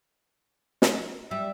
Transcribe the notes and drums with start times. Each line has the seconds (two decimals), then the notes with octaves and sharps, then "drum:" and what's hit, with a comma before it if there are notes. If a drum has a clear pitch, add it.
0.82 drum: snare
1.31 G3 E5